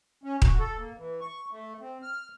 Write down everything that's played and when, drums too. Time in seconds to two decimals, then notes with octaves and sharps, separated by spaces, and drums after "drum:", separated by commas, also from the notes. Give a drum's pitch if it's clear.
0.24 C#4
0.42 F#4, drum: kick D#1
0.59 A4
0.78 A#3
0.98 E3
1.21 C#6
1.51 A3
1.80 C4
2.02 F6